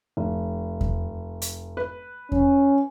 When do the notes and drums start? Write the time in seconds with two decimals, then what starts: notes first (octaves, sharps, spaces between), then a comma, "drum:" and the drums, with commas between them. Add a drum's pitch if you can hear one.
0.17 F1
0.81 drum: kick E2
1.42 drum: hi-hat
1.77 B4
2.32 C#4, drum: kick E2